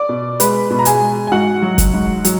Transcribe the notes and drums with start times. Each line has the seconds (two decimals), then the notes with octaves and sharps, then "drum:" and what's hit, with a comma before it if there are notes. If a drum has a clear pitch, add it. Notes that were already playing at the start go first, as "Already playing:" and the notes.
Already playing: D5 D6
0.09 B2
0.40 G#3 B4 B5, drum: hi-hat
0.70 B2
0.79 A#5
0.85 G#4 G#5, drum: hi-hat
1.01 G#3
1.27 G#5
1.32 G#2 F#4 F#5
1.62 F#3
1.78 drum: kick, hi-hat
1.94 G#2
2.25 F#3, drum: hi-hat